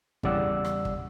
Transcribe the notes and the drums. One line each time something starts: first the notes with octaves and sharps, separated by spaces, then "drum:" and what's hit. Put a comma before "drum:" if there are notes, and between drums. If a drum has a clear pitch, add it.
E2 C#3 G3 D5 F#5 E6, drum: kick
drum: rim click
drum: kick